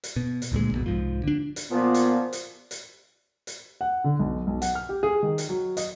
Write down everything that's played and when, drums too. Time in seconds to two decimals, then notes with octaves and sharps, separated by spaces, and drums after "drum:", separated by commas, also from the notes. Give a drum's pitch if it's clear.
0.04 drum: hi-hat
0.16 B2
0.42 drum: hi-hat
0.52 D#1 D2 A#2 G#3
0.71 A#1 F2 B2
0.86 C2 G#2 F3
1.23 D3 D4
1.56 drum: hi-hat
1.71 A#2 F3 B3
1.94 drum: hi-hat
2.33 drum: hi-hat
2.71 drum: hi-hat
3.47 drum: hi-hat
3.81 F#5
4.04 D3
4.19 B1
4.47 B1
4.62 F#5, drum: hi-hat
4.75 F6
4.89 G4
5.03 G#4
5.23 D#3
5.38 drum: hi-hat
5.49 F#3
5.77 D#5, drum: hi-hat